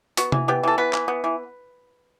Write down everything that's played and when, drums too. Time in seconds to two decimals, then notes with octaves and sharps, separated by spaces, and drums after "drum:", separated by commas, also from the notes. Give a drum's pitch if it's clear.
0.17 B3 F#4, drum: hi-hat
0.32 E3, drum: tom C3
0.48 B3 G4
0.63 E3 A4
0.78 B3 B4
0.93 E3, drum: clap
1.08 B3
1.24 E3